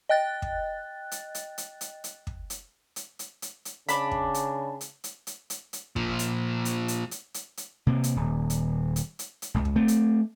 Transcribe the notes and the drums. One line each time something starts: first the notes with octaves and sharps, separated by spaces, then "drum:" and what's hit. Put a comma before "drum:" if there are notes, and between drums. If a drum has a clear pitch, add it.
D#5 G5 F#6 A6
drum: kick
drum: hi-hat
drum: hi-hat
drum: hi-hat
drum: hi-hat
drum: hi-hat
drum: kick
drum: hi-hat
drum: hi-hat
drum: hi-hat
drum: hi-hat
drum: hi-hat
C#3 D4 B5, drum: hi-hat
drum: kick
drum: hi-hat
drum: hi-hat
drum: hi-hat
drum: hi-hat
drum: hi-hat
drum: hi-hat
A#2 F3, drum: kick
drum: hi-hat
drum: hi-hat
drum: hi-hat
drum: hi-hat
drum: hi-hat
drum: hi-hat
C3 A#3
drum: hi-hat
D#1
drum: hi-hat
drum: hi-hat
drum: hi-hat
drum: hi-hat
D#1 C#2
drum: kick
A3 C4
drum: hi-hat